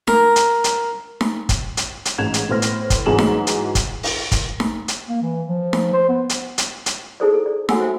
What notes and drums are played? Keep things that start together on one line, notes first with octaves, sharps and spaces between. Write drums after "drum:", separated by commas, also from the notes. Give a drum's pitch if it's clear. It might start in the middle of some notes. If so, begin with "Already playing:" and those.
A#4, drum: snare D#4
drum: hi-hat
drum: hi-hat
drum: snare D#4
drum: kick, hi-hat
drum: hi-hat
drum: hi-hat
A1 G#2 G#6 E7 F7
drum: hi-hat
A2 B3 C5 F6 A#6
drum: hi-hat
drum: kick, hi-hat
G#2 E3 F#3 G#4 E7 F#7
drum: snare D#4
drum: hi-hat
drum: kick, hi-hat
drum: open hi-hat
drum: kick, hi-hat
drum: snare D#4
drum: hi-hat
A#3
E3
F3
drum: snare D#4
C5
B3
drum: hi-hat
drum: hi-hat
drum: hi-hat
D#4 E4 G#4 A4 C5 D5
A4
D5
F#4 A4 C#5 F#5 G#5 E6, drum: snare D#4
C5 E5 G5